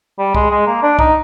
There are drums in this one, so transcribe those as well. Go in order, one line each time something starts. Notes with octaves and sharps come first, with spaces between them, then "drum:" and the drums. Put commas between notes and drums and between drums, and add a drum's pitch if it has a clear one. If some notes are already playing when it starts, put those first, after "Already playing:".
G3
G#3, drum: kick
G#3
A#3
D4
D#4, drum: kick